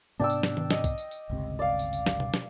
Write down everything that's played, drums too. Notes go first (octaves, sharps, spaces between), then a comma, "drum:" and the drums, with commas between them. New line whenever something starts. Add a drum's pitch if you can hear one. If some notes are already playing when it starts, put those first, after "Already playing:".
G#2 C3 B3 D4 G5 E6
drum: tambourine
drum: snare
drum: tom D#3
D#5, drum: snare
drum: kick, tambourine
drum: tambourine
drum: tambourine
G1 C#2 C3
D5 F5
drum: tambourine
drum: tambourine
drum: snare
drum: tom B2
drum: snare